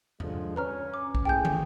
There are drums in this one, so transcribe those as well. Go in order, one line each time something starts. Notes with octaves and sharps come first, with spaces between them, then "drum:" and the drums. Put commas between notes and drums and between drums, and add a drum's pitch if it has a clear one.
D3 F3 G#3, drum: tom E2
C#4 B4 A#5 F6
D6
drum: kick
A2 A#3 G#4 G5 G#5 G6
drum: tom